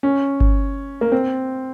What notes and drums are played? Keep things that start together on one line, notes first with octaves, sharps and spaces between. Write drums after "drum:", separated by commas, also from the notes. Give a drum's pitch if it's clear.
C#4
drum: kick G1
A#3
C4